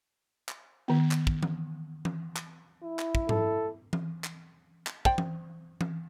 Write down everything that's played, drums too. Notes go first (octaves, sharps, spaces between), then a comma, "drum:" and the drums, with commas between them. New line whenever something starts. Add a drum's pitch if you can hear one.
drum: clap
D#3 B3
drum: clap
drum: kick
drum: tom E3
drum: tom E3
drum: clap
E4
drum: clap
drum: kick
A4, drum: tom G#2
drum: tom E3
drum: clap
drum: clap
C5 D5 G5, drum: kick
drum: tom E3
drum: tom E3